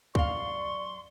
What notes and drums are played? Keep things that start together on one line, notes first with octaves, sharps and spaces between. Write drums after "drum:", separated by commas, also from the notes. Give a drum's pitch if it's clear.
F#2 D5 F5 C6 C#6, drum: kick